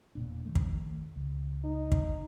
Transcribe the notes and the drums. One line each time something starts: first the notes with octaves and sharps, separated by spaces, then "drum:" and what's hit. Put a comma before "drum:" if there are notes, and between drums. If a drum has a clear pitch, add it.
E1 A#2 D4
D#3 F3 A3
drum: kick
C#2
D#4
drum: kick